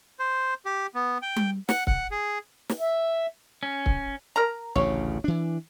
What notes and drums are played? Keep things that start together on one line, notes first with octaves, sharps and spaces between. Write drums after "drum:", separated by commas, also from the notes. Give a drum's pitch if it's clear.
C5
G4
B3
G5
drum: tom G3
F#5, drum: snare
F#5, drum: kick C#1
G#4
drum: snare
E5
C#4
drum: kick C#1
A#4 A#5
A1 D2 C#3 C#5
E3 D4